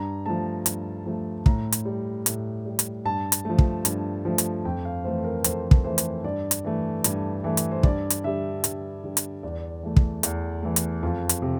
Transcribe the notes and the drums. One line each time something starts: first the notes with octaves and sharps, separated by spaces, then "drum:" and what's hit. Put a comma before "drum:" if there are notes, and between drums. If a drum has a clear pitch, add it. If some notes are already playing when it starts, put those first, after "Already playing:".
Already playing: G2 A#5
F3 A3 A5
G2, drum: hi-hat
F3 A3
A2 A#5, drum: kick
drum: hi-hat
G3
A2, drum: hi-hat
G3
drum: hi-hat
G2 A5
drum: hi-hat
F3 A3
drum: kick
G2, drum: hi-hat
F3 A3
drum: hi-hat
F2 G5
F5
E3 A3 C5
A#4
F2 C5, drum: hi-hat
drum: kick
E3 A3 C5
drum: hi-hat
G2 D5
drum: hi-hat
E3 A3
G2, drum: hi-hat
E3 A3
drum: hi-hat
C5
G2 D5, drum: kick
drum: hi-hat
D3 G3 E5
G2, drum: hi-hat
D3 G3
drum: hi-hat
E2 D5
E3 A3
drum: kick
E2, drum: hi-hat
E3 A3
drum: hi-hat
F2 F4
drum: hi-hat
C3